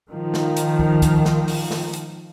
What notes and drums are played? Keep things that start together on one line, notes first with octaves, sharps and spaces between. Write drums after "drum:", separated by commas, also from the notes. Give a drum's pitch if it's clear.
D#3 F3
drum: snare
drum: hi-hat
drum: kick
drum: kick, hi-hat
drum: snare
drum: open hi-hat
drum: snare
drum: hi-hat